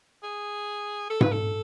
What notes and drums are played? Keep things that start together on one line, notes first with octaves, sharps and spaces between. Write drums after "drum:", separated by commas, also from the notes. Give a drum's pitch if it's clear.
G#4
A4
B4, drum: tom G#2
A4